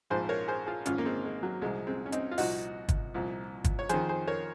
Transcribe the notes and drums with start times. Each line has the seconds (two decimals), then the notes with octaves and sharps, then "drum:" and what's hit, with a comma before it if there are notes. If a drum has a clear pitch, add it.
0.10 A#1 G#2 F3 G#4 C5
0.29 A#4 C#5
0.48 G#4 C5
0.67 F4 G#4
0.86 G#1 G#2 F3 C#4 F4, drum: hi-hat
0.98 A#3
1.05 G#3 C4
1.25 G#3
1.43 F#3
1.61 C2 A#2 F3 G#3
1.87 G#3 C4
2.06 C#4
2.12 C4 D#4, drum: hi-hat
2.32 F4
2.38 C2 A#2 F3 D#4 F#4, drum: open hi-hat
2.89 drum: kick, hi-hat
3.14 C2 A#2 F3
3.64 drum: kick, hi-hat
3.79 C#5
3.89 F2 D#3 G#4 C5, drum: hi-hat
4.09 G#4 C5
4.27 A#4 C#5